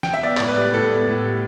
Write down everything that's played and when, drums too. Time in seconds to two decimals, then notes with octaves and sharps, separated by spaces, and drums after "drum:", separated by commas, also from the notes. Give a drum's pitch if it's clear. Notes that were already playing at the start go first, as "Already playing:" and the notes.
0.03 G5, drum: snare
0.14 E5
0.23 B3 D5
0.37 A2 D5, drum: clap
0.48 B4
0.57 G3
0.74 A2 A4
0.90 B3
1.07 A2
1.24 G3